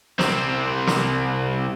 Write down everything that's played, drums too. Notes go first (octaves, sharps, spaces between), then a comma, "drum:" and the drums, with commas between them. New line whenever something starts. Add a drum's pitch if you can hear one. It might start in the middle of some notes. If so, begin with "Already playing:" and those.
C2 C4, drum: snare
drum: snare